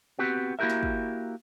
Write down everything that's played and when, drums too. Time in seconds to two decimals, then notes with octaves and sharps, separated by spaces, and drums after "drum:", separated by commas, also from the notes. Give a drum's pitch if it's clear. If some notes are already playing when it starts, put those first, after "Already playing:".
0.19 B3 C4 F#4 G4
0.59 A#3 E4 F#4 G4 A#4 E5
0.70 drum: snare
0.83 drum: kick